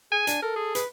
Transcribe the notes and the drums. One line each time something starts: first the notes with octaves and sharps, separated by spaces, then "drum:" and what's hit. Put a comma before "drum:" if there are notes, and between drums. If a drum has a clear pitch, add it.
G#4 G#5
D4, drum: hi-hat
A4 A#4
G#4
B4, drum: hi-hat